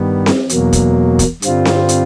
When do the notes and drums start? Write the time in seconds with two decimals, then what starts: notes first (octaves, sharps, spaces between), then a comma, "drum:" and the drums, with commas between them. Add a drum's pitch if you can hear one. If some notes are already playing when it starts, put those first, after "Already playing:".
Already playing: G2 D#3 G3 B3
0.26 drum: snare C4
0.49 E2 B2 F#3 A#3, drum: hi-hat
0.73 drum: kick, hi-hat
1.19 drum: kick, hi-hat
1.42 G2 D3 G3 C4 F4, drum: hi-hat
1.65 drum: snare C4
1.89 drum: hi-hat